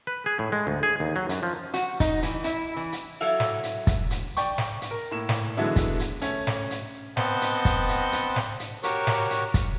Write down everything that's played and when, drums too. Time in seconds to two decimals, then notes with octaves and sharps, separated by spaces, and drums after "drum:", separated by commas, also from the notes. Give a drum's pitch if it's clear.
0.07 B4
0.26 G#4
0.39 A2
0.52 G#3
0.67 D2
0.83 G#4
1.00 D#2
1.16 F#3
1.29 F#2, drum: hi-hat
1.43 F3
1.74 F#4, drum: hi-hat
2.00 D#4, drum: kick, hi-hat
2.23 E3, drum: hi-hat
2.44 E4, drum: hi-hat
2.77 E3
2.92 drum: hi-hat
3.21 F#3 E4 A4 E5 F5
3.40 drum: snare
3.63 drum: hi-hat
3.87 drum: kick, hi-hat
4.11 drum: hi-hat
4.37 D5 G5 C#6, drum: hi-hat
4.58 drum: snare
4.82 drum: hi-hat
4.91 A#4
5.11 A2 A#3 E7
5.29 drum: snare
5.57 D3 E3 F#3 G#3 B3 E4
5.76 drum: kick, hi-hat
6.00 drum: hi-hat
6.21 A3 C#4, drum: hi-hat
6.47 drum: snare
6.71 drum: hi-hat
7.17 B3 C4 D#5 F#5 A5 G6, drum: snare
7.41 drum: hi-hat
7.65 drum: kick, hi-hat
7.89 drum: hi-hat
8.12 drum: hi-hat
8.36 drum: snare
8.60 drum: hi-hat
8.83 F#4 G4 A#4 C#5, drum: hi-hat
9.07 drum: snare
9.31 drum: hi-hat
9.54 drum: kick, hi-hat